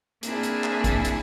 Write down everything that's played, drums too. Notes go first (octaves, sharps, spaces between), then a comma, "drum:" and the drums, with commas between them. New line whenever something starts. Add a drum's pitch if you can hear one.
A#3 C4 D4 E4 G#4, drum: hi-hat
drum: hi-hat
drum: clap
drum: kick, hi-hat
drum: hi-hat